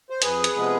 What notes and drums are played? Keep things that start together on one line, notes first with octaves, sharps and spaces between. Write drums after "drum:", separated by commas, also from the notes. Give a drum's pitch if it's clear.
C5
F2 G#4 B4, drum: hi-hat
drum: hi-hat
C3 F3 G#3 B3